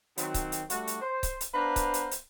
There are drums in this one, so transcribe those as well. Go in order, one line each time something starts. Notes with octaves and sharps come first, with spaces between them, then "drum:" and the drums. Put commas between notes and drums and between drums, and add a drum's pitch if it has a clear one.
D#3 F#3 C4, drum: hi-hat
drum: kick C#1, hi-hat
drum: hi-hat
G3 A3 D4 F#4, drum: hi-hat
drum: hi-hat
C5
drum: kick C#1, hi-hat
drum: hi-hat
B3 D4 B4 C5 F5 A#5
drum: kick C#1, hi-hat
drum: hi-hat
drum: hi-hat